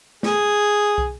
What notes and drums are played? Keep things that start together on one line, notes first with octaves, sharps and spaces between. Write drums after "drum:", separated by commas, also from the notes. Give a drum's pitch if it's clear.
G#4, drum: snare
drum: kick